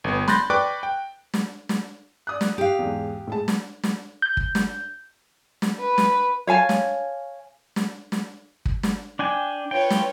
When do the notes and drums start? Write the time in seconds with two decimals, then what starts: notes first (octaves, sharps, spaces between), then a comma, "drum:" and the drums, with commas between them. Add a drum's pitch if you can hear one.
0.04 G1 B3
0.28 B5 C6 F#6 G6 A6 A#6, drum: snare
0.50 B4 D5 G5 C#6 D6 F#6
0.83 G5
1.34 drum: snare
1.69 drum: snare
2.27 D5 D#6 F#6
2.41 drum: snare
2.58 G4 F5
2.79 E2 G#2
3.27 A2 G#3 A5
3.48 drum: snare
3.83 drum: snare
4.22 G6
4.37 drum: kick
4.55 drum: snare
5.62 drum: snare
5.80 B4
5.98 drum: snare
6.47 C#5 F5 G#5 A5
6.69 drum: snare
7.76 drum: snare
8.12 drum: snare
8.65 drum: kick
8.83 drum: snare
9.19 D4 G5 G#5
9.71 F4 B4 C#5 G5
9.90 drum: snare